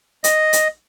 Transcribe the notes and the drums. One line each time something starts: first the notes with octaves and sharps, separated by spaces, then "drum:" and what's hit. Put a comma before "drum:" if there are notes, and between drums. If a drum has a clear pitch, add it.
D#5, drum: hi-hat
drum: hi-hat